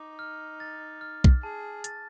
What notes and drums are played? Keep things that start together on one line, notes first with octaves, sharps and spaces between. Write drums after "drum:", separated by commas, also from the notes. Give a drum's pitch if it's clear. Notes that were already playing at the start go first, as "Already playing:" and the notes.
Already playing: D#4 D6
F6
A6
F6
drum: kick B1
G#4 A5
A6, drum: hi-hat